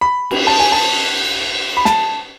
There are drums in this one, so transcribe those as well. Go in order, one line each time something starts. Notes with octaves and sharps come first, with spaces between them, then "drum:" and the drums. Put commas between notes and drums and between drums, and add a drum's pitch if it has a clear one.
B5
drum: cymbal
A5
G#5
A5
B5
A5, drum: snare